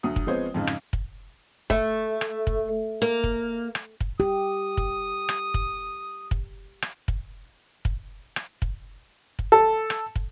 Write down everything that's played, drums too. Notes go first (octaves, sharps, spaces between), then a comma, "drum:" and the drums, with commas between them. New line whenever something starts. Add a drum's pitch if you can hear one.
D2 F#3 D#6
drum: kick
F3 G#3 B3 C4 C5 C#5
F2 G#2 C#3
drum: rim click
drum: kick
A3, drum: kick
drum: rim click
drum: kick
A#3
drum: kick
drum: rim click
drum: kick
G4 D#6
drum: kick
drum: rim click
drum: kick
drum: kick
drum: rim click
drum: kick
drum: kick
drum: rim click
drum: kick
drum: kick
A4
drum: rim click
drum: kick